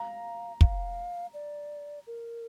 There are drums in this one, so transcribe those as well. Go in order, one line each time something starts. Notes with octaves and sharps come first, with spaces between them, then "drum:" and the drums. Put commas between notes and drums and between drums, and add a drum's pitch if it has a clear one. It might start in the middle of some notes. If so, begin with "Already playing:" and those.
Already playing: F5 A#5
F5, drum: kick
D5
A#4